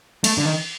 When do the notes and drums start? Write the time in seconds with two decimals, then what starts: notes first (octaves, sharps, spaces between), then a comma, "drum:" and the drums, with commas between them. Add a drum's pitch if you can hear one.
0.24 A3, drum: cymbal
0.38 D3
0.45 D#3